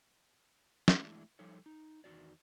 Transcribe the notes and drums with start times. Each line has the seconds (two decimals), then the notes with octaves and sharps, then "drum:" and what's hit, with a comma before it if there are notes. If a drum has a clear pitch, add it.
0.88 E3 G#3 A3 D4 E4, drum: snare
1.39 F3 G3 D#4 A4 C#5
1.66 D#4
2.04 E2 D#3 C#4 F#4 D5